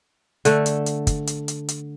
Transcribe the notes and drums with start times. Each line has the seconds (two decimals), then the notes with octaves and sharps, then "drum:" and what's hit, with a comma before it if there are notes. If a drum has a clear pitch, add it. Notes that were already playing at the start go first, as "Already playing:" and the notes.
0.45 D3 A3, drum: hi-hat
0.66 drum: hi-hat
0.86 drum: hi-hat
1.07 drum: kick, hi-hat
1.27 drum: hi-hat
1.48 drum: hi-hat
1.69 drum: hi-hat